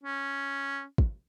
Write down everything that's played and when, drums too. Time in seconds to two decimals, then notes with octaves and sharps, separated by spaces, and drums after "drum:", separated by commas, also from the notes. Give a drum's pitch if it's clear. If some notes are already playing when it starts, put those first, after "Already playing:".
0.03 C#4
0.98 drum: kick